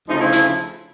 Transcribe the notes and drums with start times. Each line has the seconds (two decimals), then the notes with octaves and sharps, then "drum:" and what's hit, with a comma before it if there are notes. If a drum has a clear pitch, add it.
0.08 D2 C#3 F3 D#4
0.20 E4
0.32 E4, drum: hi-hat